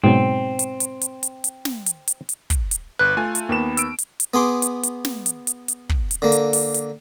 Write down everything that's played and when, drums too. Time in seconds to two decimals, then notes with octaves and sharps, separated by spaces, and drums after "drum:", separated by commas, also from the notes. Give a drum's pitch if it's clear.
0.04 G#2 B2 F#3 C4
0.59 drum: hi-hat
0.80 drum: hi-hat
1.01 drum: hi-hat
1.23 drum: hi-hat
1.44 drum: hi-hat
1.65 drum: snare
1.86 drum: hi-hat
2.08 drum: hi-hat
2.29 drum: hi-hat
2.50 drum: kick, hi-hat
2.71 drum: hi-hat
2.99 G1 B4 F#6
3.17 A3 F4 G#5
3.35 drum: hi-hat
3.49 D#2 A#3 B3 E7
3.77 E6 D7, drum: hi-hat
3.98 drum: hi-hat
4.20 drum: hi-hat
4.34 B3 G#4 C6 D6
4.62 drum: hi-hat
4.83 drum: hi-hat
5.05 drum: snare
5.26 drum: hi-hat
5.47 drum: hi-hat
5.68 drum: hi-hat
5.89 drum: kick
6.11 drum: hi-hat
6.22 D3 A#3
6.32 drum: hi-hat
6.53 drum: open hi-hat
6.74 drum: hi-hat